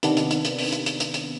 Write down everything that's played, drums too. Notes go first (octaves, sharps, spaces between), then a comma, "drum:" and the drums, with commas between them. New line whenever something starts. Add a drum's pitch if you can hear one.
C3 D#3 B3 D4, drum: hi-hat
drum: hi-hat
drum: hi-hat
drum: hi-hat
drum: open hi-hat
drum: hi-hat
drum: hi-hat
drum: hi-hat
drum: hi-hat